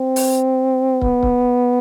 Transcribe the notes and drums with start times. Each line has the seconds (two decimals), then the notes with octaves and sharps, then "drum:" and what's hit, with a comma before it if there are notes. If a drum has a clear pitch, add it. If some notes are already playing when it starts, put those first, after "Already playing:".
Already playing: C4
0.16 drum: open hi-hat
1.02 B3, drum: kick
1.23 drum: kick